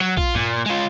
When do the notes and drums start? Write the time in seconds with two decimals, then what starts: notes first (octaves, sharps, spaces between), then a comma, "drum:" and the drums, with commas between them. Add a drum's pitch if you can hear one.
0.01 F#3
0.17 F4, drum: kick A#1
0.35 A#2, drum: tom G2
0.66 G#3 F4